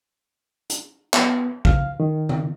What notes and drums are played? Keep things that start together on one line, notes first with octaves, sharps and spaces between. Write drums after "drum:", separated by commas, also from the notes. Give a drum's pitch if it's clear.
drum: hi-hat
B3, drum: clap
F5, drum: kick
D#3
drum: tom D3